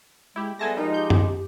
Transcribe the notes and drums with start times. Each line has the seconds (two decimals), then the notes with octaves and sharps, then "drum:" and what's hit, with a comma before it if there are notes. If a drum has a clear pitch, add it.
0.36 G#3 E4 G4
0.59 G3 G#3 B3 A4 E5 G#5 A5 A#6
0.77 F3 G3 G#3 D#4 A#4
0.94 G4 G6
1.10 drum: tom F#2